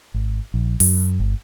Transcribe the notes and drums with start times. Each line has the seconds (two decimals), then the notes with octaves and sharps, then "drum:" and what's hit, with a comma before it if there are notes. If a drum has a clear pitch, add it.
0.14 G#1
0.54 A#1
0.80 F#2, drum: open hi-hat
1.20 G1